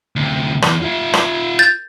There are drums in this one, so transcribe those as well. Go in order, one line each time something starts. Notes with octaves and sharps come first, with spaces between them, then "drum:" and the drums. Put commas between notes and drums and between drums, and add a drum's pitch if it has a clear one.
D2 C3
E2, drum: rim click
F4 E5
drum: rim click
G6 A6